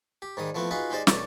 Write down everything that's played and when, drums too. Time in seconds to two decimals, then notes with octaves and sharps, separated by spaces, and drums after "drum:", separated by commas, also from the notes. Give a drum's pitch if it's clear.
0.22 G4
0.37 G#2 D#3 G3 D#6
0.55 F3 A3 B3 C4 E4
0.71 D#4 F4 F#4 G#4 B4
0.90 G#3 D#4 G4 C5 D5 D#5
1.07 B1 A3 D5 D6, drum: snare